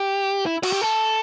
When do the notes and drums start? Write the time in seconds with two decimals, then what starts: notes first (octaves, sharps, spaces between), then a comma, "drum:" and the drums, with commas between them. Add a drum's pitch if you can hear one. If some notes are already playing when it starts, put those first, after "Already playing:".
Already playing: G4
0.46 E4
0.63 F#4, drum: cymbal
0.72 G4
0.81 A4